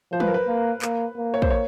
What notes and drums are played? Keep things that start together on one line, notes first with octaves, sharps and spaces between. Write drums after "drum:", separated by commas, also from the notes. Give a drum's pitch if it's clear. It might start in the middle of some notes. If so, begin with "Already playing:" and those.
F3 C5
B4, drum: tom F#3
A#4
B4
A#3
A#3, drum: clap
A#3
C#5
C5, drum: kick
C#5